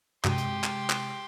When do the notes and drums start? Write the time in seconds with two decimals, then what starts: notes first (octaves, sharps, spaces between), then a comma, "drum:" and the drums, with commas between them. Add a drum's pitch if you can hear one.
0.25 G2 C3 G#3 F#4 G4 C6 D#7, drum: clap
0.38 drum: hi-hat
0.64 drum: clap
0.90 drum: clap